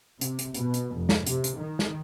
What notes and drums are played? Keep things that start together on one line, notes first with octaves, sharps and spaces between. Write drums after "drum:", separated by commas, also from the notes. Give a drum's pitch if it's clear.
C3, drum: hi-hat
drum: hi-hat
B2, drum: hi-hat
drum: hi-hat
F1
drum: snare
C3, drum: hi-hat
drum: hi-hat
D#3
drum: snare